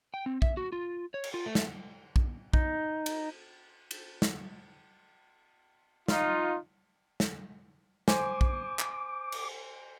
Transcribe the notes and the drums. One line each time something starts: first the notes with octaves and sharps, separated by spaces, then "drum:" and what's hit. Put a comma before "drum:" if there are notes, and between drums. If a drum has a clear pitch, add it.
G5
C4
E5, drum: kick
F#4
F4
C#5
drum: cymbal
F4
A3
drum: snare
drum: kick
D#4, drum: kick
drum: cymbal
drum: cymbal
drum: snare
D#4 F4, drum: snare
drum: snare
C5 G#5 D6, drum: snare
drum: kick
drum: clap
drum: cymbal